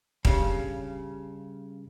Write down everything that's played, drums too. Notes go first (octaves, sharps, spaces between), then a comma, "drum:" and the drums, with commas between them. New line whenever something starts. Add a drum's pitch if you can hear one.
G2 C#3, drum: kick D#1